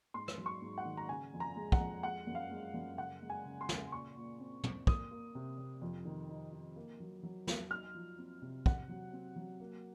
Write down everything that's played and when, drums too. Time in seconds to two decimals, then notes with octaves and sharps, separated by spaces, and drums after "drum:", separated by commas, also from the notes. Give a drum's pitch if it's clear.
0.14 G#2 C6
0.28 drum: rim click
0.38 F#3
0.46 C#6
0.62 G#2
0.78 F#5
0.85 D#3
0.97 A#5
1.09 C#3 G#5
1.33 F2
1.40 A#5
1.56 G#3
1.72 F#5, drum: kick
1.80 F2
2.03 G#3 F#5
2.27 F#2
2.35 F5
2.51 G#3
2.74 F#2
2.98 C#3 F#5
3.22 G#3
3.30 G#5
3.45 C#3
3.61 C6
3.69 C#3, drum: snare
3.92 A#2 C#6
4.16 A#2
4.40 C4
4.64 C4, drum: tom
4.87 A#3 D#6, drum: kick
5.11 A#3
5.35 C3
5.58 C3
5.82 F2
6.05 D#3
6.29 D#4
6.53 D#4
6.76 A#3
7.00 F#3
7.23 F#3
7.47 F#3, drum: snare
7.71 D#4 F6
7.94 F3
8.18 C4
8.42 C3
8.66 C4 F#5, drum: kick
8.89 F#3
9.13 C4
9.36 F#3
9.60 A#3